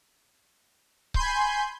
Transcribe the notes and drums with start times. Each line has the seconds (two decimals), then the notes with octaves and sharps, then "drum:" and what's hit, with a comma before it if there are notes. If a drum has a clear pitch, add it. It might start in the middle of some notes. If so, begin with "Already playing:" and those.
1.14 G#5 B5 C6 G6, drum: kick C#1